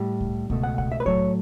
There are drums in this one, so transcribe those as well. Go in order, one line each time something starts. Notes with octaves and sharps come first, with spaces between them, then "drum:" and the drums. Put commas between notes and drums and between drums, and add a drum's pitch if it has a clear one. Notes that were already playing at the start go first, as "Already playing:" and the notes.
Already playing: A2 G3
drum: kick C2
C#2 B2 A3, drum: kick C2
F#5
F#5, drum: kick C2
E5
B4
A2 F#3 A3 C#5, drum: kick C2